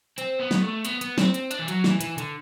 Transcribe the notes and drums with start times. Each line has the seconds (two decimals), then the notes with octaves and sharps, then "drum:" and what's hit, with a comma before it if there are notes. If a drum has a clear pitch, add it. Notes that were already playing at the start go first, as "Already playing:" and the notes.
0.18 C4, drum: hi-hat
0.39 B3
0.51 drum: snare
0.62 A3
0.85 B3, drum: hi-hat
1.01 B3, drum: hi-hat
1.18 C4, drum: snare
1.34 C4, drum: hi-hat
1.51 D4, drum: hi-hat
1.60 E3
1.68 F#3, drum: hi-hat
1.84 E3, drum: snare
2.01 E3, drum: hi-hat
2.18 D3, drum: hi-hat